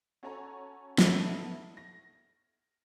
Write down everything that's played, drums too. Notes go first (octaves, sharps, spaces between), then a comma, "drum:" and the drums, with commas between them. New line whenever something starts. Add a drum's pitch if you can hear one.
C#4 F#4 A4 C#5 G#5 A#5
B3 D#4 E4 A4, drum: snare
A#6